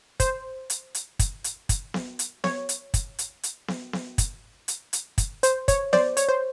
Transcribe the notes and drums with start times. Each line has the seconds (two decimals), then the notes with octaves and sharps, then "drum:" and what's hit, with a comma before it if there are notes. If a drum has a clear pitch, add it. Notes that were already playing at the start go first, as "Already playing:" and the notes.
0.20 C5, drum: kick, hi-hat
0.70 drum: hi-hat
0.95 drum: hi-hat
1.19 drum: kick, hi-hat
1.44 drum: hi-hat
1.69 drum: kick, hi-hat
1.94 drum: snare B3
2.19 drum: hi-hat
2.44 C#5, drum: snare B3
2.69 drum: hi-hat
2.94 drum: kick, hi-hat
3.19 drum: hi-hat
3.43 drum: hi-hat
3.68 drum: snare B3
3.93 drum: snare B3
4.18 drum: kick, hi-hat
4.68 drum: hi-hat
4.93 drum: hi-hat
5.18 drum: kick, hi-hat
5.43 C5, drum: hi-hat
5.68 C#5, drum: kick, hi-hat
5.93 C5 D5, drum: snare B3
6.17 C#5, drum: hi-hat
6.29 C5